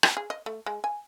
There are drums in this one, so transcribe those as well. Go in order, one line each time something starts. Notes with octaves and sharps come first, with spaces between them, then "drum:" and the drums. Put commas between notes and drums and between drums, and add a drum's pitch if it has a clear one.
drum: rim click
G#4
D#5
A3
G#3
G#5